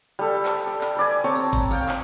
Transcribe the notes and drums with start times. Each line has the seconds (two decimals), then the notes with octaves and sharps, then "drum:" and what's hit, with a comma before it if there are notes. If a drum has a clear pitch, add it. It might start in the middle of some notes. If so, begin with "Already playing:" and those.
0.19 G3 A4 B4
0.45 drum: clap
0.67 G5
0.81 drum: clap
0.97 B4 D5 G#5
1.24 C4 C#5 A5 A#5
1.35 drum: tambourine
1.53 drum: kick G#1, tambourine
1.71 F5 G5 G#5, drum: tambourine
1.89 drum: clap